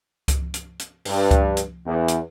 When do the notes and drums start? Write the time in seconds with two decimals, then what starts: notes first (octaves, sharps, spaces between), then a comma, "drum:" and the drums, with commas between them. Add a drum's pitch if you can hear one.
0.28 drum: kick C#2, hi-hat
0.54 drum: hi-hat
0.79 drum: hi-hat
1.05 G2, drum: open hi-hat
1.31 drum: kick C#2, hi-hat
1.57 drum: hi-hat
1.86 E2
2.08 drum: hi-hat